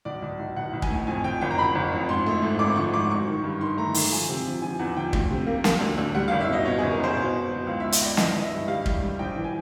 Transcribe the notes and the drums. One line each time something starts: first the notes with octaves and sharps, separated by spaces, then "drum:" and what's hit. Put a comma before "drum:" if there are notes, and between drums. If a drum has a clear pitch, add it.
B1 D5
B1
B1
B1 F#5
B1
G#5, drum: kick
A2
F2 G#5
F2 G5
F#1 G5
A#5
F#1 B5
F#1
F2
G#2 C6
A3
G#2
G#1 D6
F3 C#6
G#2 D6
F#3 C#6
D#3
G2
D#3 C6
A3 A#5
D#3, drum: open hi-hat
F3 G#5
C3
F3
F3 G#5
E2 F#5
F3 G5
D2, drum: kick
C3
A#3
A#3, drum: snare
D2
D2
G3 F#5
F#1 F5
E5
B2 D#5
B2 C#5
G#4
F#1
A#4
F#1 C5
B2
B2
F#3
C#2 F5
C#2 E5
D#5, drum: hi-hat
C#2 D5
E3 D#5, drum: snare
E3 D#5
E5
G2
G3 F5
G3, drum: kick
G3
A#1 G5
E3
G#5